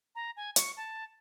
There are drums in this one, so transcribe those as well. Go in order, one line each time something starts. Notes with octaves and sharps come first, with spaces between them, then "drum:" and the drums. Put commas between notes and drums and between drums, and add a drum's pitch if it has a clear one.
A#5
G#5
C#6, drum: hi-hat
A5